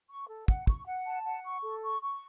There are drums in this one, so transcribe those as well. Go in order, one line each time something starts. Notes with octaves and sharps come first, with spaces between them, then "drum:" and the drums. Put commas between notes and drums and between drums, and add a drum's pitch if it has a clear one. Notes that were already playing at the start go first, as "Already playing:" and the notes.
C#6
A4
F#5, drum: kick
C#6, drum: kick
F#5
A5
F#5
C#6
A4
C#6
C#6